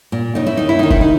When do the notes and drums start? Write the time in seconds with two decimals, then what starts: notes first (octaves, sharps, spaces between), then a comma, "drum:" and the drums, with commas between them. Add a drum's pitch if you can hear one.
0.12 A#2
0.35 C#3 D#4
0.46 E4
0.57 D#2 D#4
0.69 E4
0.79 D#3 D#4
0.91 E4, drum: kick F1
1.01 D#4